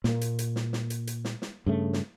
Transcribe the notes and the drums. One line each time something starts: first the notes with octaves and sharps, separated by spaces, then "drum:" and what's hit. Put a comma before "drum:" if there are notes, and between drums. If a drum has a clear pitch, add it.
A#2 A#3, drum: snare
drum: hi-hat
drum: hi-hat
drum: snare
drum: snare
drum: hi-hat
drum: hi-hat
drum: snare
drum: snare
G2 C#3 A3
drum: snare